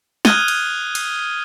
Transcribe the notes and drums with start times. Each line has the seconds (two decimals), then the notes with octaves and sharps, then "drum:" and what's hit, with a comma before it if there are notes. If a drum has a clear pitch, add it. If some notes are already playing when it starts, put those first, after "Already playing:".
0.25 D#6 F6 F#6 G#6 D#7 G7, drum: snare
0.48 drum: cymbal
0.95 drum: cymbal